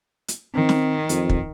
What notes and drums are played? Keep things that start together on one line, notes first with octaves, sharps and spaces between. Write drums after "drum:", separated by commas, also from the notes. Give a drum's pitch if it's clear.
drum: hi-hat
D#3 C4
drum: snare
F2, drum: hi-hat
drum: kick